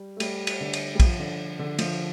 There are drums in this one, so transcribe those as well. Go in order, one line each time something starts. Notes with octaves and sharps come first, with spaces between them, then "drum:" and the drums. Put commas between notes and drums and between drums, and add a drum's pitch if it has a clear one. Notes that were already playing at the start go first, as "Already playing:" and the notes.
Already playing: G3
A3
G3, drum: cymbal
drum: cymbal
D3
drum: cymbal
G3
F3, drum: kick, cymbal
D3
D3
F3, drum: cymbal